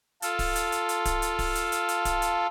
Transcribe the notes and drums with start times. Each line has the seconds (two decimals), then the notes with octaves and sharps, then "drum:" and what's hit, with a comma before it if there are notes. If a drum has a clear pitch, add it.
0.22 F4 A4, drum: hi-hat
0.39 drum: kick D1, open hi-hat
0.56 drum: hi-hat
0.72 drum: hi-hat
0.89 drum: hi-hat
1.05 drum: kick D1, hi-hat
1.22 drum: hi-hat
1.39 drum: kick D1, open hi-hat
1.55 drum: hi-hat
1.72 drum: hi-hat
1.89 drum: hi-hat
2.05 drum: kick D1, hi-hat
2.22 drum: hi-hat